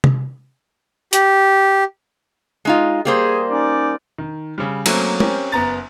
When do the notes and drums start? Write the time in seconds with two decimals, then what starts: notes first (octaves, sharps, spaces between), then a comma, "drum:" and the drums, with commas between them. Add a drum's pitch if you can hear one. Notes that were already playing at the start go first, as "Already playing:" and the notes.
0.04 drum: tom C3
1.13 G4, drum: hi-hat
2.65 G#3 D#4 F4
3.05 G3 A#3 G#4 C5
3.50 C#4 D#4 D5
4.18 D#3
4.58 C#3 G3
4.86 F#3 A3 A#3 C4 C#4, drum: cymbal
5.20 C4 C#4 G4 A#4, drum: tom
5.52 F#1 B3 A#5 A6